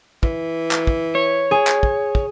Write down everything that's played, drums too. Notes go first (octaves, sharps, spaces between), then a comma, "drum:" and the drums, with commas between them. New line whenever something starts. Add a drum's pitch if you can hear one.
E3, drum: kick
drum: clap
drum: kick
C#5
G#4
drum: clap
drum: kick
drum: kick